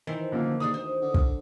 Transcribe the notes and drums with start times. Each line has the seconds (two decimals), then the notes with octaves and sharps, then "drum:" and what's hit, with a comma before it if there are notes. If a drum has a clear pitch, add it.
0.07 D#3 E3 C4
0.32 A1 D3 F3 A#3
0.60 D#2 G#4 B4 D5 D#6
0.74 D2 C5
1.01 D3
1.14 drum: kick